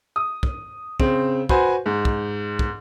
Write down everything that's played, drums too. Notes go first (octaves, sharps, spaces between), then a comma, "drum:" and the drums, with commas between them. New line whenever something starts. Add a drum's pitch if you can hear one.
D#6
drum: kick
C#3 C4, drum: kick
F#4 B4 C5 G#5, drum: kick
G#2
drum: kick
drum: kick